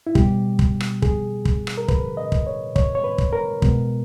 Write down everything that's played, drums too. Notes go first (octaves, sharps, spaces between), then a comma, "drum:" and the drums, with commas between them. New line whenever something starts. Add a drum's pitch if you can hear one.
E4
B2 G3 B3 G4, drum: kick
drum: kick
drum: rim click
G#4, drum: kick
drum: kick
drum: rim click
A#4
B4, drum: kick
D#5
drum: kick
C#5
C#5, drum: kick
C#5
B4
drum: kick
A#4
B2 G#3 B3, drum: kick